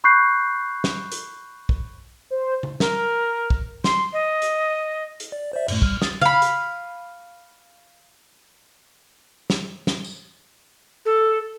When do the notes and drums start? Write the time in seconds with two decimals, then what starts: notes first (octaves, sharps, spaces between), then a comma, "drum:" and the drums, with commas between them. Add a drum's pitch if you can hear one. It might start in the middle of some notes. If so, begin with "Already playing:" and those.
0.04 B5 C#6 F#6 G6 C7
0.84 drum: snare
1.12 drum: hi-hat
1.69 drum: kick
2.30 C5
2.63 drum: tom C#3
2.80 A#4, drum: snare
3.50 drum: kick
3.84 C6, drum: snare
4.13 D#5
4.42 drum: hi-hat
5.20 drum: hi-hat
5.32 D5
5.53 C5 D5 E5
5.68 F#2 A2 A3, drum: cymbal
5.82 G3 F6, drum: kick
6.02 D#6 A6, drum: snare
6.21 F5 B5, drum: tom C#3
6.42 drum: hi-hat
9.50 drum: snare
9.87 drum: snare
10.04 drum: tambourine
11.05 A4